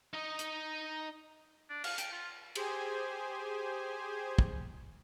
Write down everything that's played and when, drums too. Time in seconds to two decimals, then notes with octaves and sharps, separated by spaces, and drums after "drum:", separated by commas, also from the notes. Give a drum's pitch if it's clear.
0.13 D#4 D#5
0.39 drum: hi-hat
1.70 D4
1.84 F5, drum: cymbal
1.98 G5, drum: hi-hat
2.12 F4
2.55 G4 G#4 C5 G#5, drum: cymbal
4.39 drum: kick